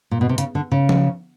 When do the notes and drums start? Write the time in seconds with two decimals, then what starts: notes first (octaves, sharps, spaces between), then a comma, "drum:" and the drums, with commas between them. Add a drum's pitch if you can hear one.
0.11 A#2
0.21 B2
0.29 C3
0.38 C#3, drum: hi-hat
0.55 D3
0.72 C#3
0.89 drum: tom F3